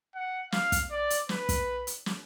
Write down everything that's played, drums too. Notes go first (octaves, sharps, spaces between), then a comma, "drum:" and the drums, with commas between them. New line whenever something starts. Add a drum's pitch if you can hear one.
F#5
F5, drum: snare
drum: kick, hi-hat
D5
drum: hi-hat
B4, drum: snare
drum: kick, hi-hat
drum: hi-hat
drum: snare